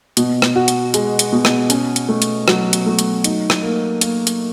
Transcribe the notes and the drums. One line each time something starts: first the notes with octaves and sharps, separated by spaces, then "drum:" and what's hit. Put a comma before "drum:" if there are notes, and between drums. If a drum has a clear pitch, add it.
B2, drum: hi-hat
drum: rim click
F#4
drum: hi-hat
G#3, drum: hi-hat
drum: hi-hat
B2
drum: rim click
C#4, drum: hi-hat
drum: hi-hat
A3
drum: hi-hat
F#3, drum: rim click
drum: hi-hat
A3
drum: hi-hat
D#4, drum: hi-hat
drum: rim click
A#3
A#3, drum: hi-hat
drum: hi-hat